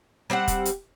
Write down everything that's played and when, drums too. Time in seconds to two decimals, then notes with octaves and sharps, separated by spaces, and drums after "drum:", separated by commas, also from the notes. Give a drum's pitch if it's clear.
0.30 G3 C4 E5 F#5
0.48 drum: kick, hi-hat
0.65 drum: hi-hat